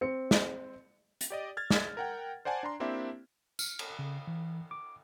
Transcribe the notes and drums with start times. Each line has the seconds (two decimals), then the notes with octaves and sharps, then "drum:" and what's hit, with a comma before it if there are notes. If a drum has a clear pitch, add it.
0.01 C4 C#7
0.31 drum: snare
1.21 drum: hi-hat
1.30 G4 D5 D#5
1.57 F6 G#6 A6
1.70 drum: snare
1.97 A#4 F#5 G5
2.45 C5 D5 F#5 G#5 A5
2.63 D4 A#5 C6
2.80 A#3 C4 D4 E4 G4 E5
3.59 F6, drum: tambourine
3.79 drum: cymbal
3.99 C#3
4.27 E3
4.71 D6